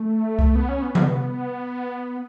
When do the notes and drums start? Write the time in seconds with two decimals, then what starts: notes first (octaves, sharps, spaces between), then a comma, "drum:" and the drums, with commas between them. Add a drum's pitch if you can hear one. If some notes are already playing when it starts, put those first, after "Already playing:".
Already playing: A3
0.39 drum: kick C2
0.55 B3
0.69 C#4
0.82 B3
0.95 B3, drum: tom